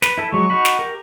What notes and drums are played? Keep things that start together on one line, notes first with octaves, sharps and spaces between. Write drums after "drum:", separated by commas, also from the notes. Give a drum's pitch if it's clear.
B4, drum: snare
E4 A4
F#3 G#3 C#6
D#4 F#4 B5
drum: snare
G4 A#4